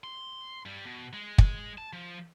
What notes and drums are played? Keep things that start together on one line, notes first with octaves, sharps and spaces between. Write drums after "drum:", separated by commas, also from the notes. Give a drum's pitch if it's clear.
C6
G2 G3
B2
G#3
drum: kick
A5
F3